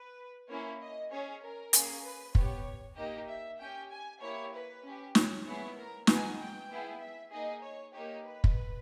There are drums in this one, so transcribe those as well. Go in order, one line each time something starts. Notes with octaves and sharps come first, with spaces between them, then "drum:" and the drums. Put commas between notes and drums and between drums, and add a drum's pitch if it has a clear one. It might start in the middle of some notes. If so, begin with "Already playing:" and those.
Already playing: B4
A#3 C#4 E4 C#5
D#5
C#4 G#4 C#5
A#4
A#3 C#4 G#4, drum: hi-hat
B4
B3 G4 C#5, drum: kick
A#3 D#4 G4 D#5
E5
C#4 G4 G5
G#5
A#3 E4 G4 C#5
B4
C#4 G4
C#5, drum: snare
B3 E4 G#4 C#5
A#4
B3 D#4 G#4 G#5, drum: snare
G5
B3 E4 G#4
E5
A#3 D#4 G#4 D#5
C#5
A#3 D#4 G4 C#5
B4
drum: kick